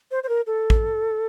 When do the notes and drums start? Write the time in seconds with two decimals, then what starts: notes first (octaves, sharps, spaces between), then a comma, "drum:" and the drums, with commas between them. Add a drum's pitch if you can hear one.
0.11 C5
0.23 C5
0.29 A#4
0.47 A4
0.70 drum: kick